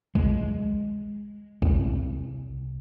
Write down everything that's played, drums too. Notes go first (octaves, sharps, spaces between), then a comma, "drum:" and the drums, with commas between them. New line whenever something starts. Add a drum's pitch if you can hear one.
G#3, drum: kick
C2, drum: kick